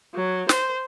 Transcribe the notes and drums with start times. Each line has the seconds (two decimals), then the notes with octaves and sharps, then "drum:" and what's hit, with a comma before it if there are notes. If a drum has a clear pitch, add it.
0.15 F#3
0.49 C5, drum: snare